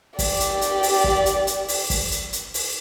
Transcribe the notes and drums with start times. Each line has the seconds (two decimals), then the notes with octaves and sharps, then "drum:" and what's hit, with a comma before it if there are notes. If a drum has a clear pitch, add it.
0.19 G4 D5, drum: kick, open hi-hat
0.40 drum: hi-hat
0.61 drum: hi-hat
0.83 drum: open hi-hat
1.04 drum: kick
1.26 drum: hi-hat
1.47 drum: hi-hat
1.68 drum: open hi-hat
1.90 drum: kick, open hi-hat
2.11 drum: hi-hat
2.33 drum: hi-hat
2.54 drum: open hi-hat